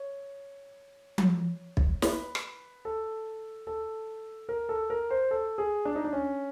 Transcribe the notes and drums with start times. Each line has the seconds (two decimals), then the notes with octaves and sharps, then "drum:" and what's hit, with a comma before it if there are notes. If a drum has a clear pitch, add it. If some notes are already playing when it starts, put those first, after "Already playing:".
Already playing: C#5
1.18 drum: tom F3
1.77 drum: kick
2.02 B4, drum: snare
2.35 drum: rim click
2.85 A4
3.67 A4
4.49 A#4
4.69 A4
4.90 A#4
5.10 C5
5.31 A4
5.58 G#4
5.85 D4
5.96 D#4
6.04 D4
6.13 C#4